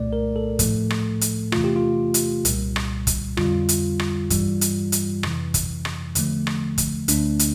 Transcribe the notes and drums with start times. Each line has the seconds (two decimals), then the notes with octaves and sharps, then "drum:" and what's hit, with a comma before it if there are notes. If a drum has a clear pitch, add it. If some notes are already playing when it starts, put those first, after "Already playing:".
Already playing: C2 A#2 A3 D5
0.13 A#4
0.36 A4
0.59 A2 F3 A3, drum: kick, hi-hat
0.90 drum: rim click
1.21 drum: hi-hat
1.52 E2 C3 E3 A3 F4, drum: rim click
1.64 G4
1.76 F4
2.14 drum: hi-hat
2.45 C2 A#2 G3, drum: hi-hat
2.76 drum: rim click
3.07 drum: kick, hi-hat
3.37 F2 D3 G3 F4, drum: rim click
3.69 drum: hi-hat
3.99 drum: rim click
4.30 G2 E3 G3, drum: kick, hi-hat
4.61 drum: hi-hat
4.92 drum: hi-hat
5.23 F2 C3 E3, drum: rim click
5.54 drum: kick, hi-hat
5.85 drum: rim click
6.15 E2 D3 F3 A3, drum: hi-hat
6.47 drum: rim click
6.78 drum: kick, hi-hat
7.08 D2 D3 A3 D4, drum: hi-hat
7.39 drum: hi-hat